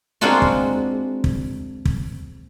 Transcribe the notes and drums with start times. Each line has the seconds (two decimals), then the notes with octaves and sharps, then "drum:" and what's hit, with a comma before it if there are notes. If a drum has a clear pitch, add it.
0.21 G#3 A#3 C4 D4 F4 F#4
0.42 drum: kick
1.24 drum: kick
1.85 drum: kick